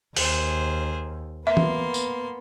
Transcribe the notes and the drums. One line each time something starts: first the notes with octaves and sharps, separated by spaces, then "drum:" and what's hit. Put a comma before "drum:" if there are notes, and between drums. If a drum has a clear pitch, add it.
D#2 G#4 C5, drum: open hi-hat
A#3 B3 E5 C6
drum: tom
drum: tambourine